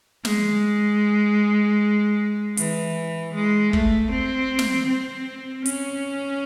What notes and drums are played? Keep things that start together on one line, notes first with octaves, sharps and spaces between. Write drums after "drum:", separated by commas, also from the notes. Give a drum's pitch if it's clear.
G#3, drum: snare
E3, drum: hi-hat
G#3
A3, drum: kick
C4
drum: snare
C4
C#4, drum: hi-hat